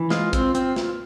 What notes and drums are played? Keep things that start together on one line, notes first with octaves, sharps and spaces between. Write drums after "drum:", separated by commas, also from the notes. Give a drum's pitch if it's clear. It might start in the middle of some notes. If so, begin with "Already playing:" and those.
Already playing: E3
G#3 F4, drum: snare
C4, drum: kick, hi-hat
C4, drum: hi-hat
drum: snare